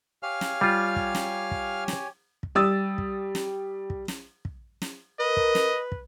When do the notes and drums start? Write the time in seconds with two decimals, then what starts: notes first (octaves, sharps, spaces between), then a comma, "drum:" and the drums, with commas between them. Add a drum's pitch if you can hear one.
0.23 G4 C#5 F5 G#5 F6
0.41 drum: snare
0.61 G3 F4
0.96 drum: kick
1.15 drum: snare
1.51 drum: kick
1.88 drum: snare
2.43 drum: kick
2.55 G3 G4 D#6 E6 A6
2.98 drum: kick
3.35 drum: snare
3.90 drum: kick
4.08 drum: snare
4.45 drum: kick
4.82 drum: snare
5.20 A#4 B4 D#5
5.37 drum: kick
5.55 drum: snare
5.92 drum: kick